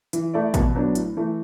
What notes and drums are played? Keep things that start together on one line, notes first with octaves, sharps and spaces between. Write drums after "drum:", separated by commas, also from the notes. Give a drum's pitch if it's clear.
E3, drum: hi-hat
A3 E4 D5
B2, drum: kick A1, hi-hat
F#3 B3 D4
A2, drum: hi-hat
E3 A3